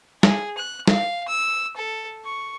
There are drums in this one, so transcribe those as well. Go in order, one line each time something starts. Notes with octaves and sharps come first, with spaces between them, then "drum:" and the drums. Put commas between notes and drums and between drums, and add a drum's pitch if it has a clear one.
G#4, drum: snare
F#6
F5, drum: snare
E6
A4
C#6